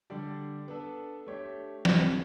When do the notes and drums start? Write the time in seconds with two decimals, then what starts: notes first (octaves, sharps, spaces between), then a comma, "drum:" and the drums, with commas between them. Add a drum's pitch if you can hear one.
0.10 D3 G3 D4 G4 D5
0.68 B3 D4 A4
1.27 A3 D4 G4 C#5
1.85 A2 G3 D4, drum: snare